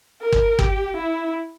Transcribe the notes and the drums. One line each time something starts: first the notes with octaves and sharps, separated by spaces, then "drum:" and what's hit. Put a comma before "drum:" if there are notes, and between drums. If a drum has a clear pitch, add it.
A#4
drum: kick
G4, drum: kick
E4